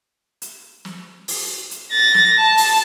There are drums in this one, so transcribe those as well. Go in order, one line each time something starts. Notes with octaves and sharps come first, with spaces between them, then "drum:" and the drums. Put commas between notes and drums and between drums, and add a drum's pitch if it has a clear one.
drum: hi-hat
drum: snare
drum: open hi-hat
drum: hi-hat
A6 A#6
drum: snare
A5
drum: open hi-hat